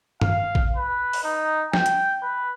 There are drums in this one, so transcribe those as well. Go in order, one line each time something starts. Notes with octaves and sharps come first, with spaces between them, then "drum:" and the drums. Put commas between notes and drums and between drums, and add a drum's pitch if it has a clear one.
F5, drum: tom G2
drum: kick A1
B4
drum: open hi-hat
D#4
G5, drum: snare
drum: hi-hat
B4